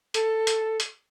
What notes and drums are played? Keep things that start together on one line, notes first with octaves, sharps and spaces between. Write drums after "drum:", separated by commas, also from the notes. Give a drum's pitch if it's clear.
A4, drum: hi-hat
drum: hi-hat
drum: hi-hat